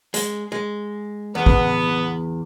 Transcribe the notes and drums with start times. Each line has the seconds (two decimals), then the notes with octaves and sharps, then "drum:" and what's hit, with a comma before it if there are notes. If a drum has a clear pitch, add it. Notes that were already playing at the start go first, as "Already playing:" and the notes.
0.14 G#3, drum: hi-hat
0.52 G#3
1.35 E2 B3
1.46 drum: kick